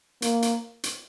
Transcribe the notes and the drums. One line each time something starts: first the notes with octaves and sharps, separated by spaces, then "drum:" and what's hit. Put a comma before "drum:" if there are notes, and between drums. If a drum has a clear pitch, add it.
A#3, drum: hi-hat
drum: hi-hat
drum: hi-hat